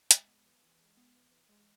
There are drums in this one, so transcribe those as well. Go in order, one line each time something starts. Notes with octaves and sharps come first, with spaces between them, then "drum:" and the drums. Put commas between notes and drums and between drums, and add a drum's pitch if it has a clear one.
G#3, drum: hi-hat
B3
E3
E3
G#3
B3
E3
E3
G#3